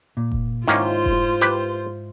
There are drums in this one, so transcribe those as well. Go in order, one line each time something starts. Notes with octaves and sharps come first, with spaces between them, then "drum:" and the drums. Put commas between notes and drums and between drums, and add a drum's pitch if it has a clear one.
A#2
drum: kick F1
G#2 D#3 A#3 C#4 E4 F4 C5
drum: kick F1
G4 B4